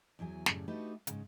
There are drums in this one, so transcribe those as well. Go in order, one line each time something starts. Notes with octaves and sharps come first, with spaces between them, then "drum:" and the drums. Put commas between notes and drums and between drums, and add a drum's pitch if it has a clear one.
E2 E3 F#3 G#5
F#2 A2 C#3 G3 B3, drum: snare
A3 D4 D#4 F#4 G4 B4
G#2 C#3, drum: hi-hat